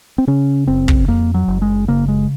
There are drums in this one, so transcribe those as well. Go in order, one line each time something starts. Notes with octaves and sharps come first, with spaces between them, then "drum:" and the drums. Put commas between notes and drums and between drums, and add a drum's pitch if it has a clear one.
C4
C#3 C#4
F#1 C4
drum: kick
F2 A#3
F#3
F#1
G#3
C#3 A#3
G#3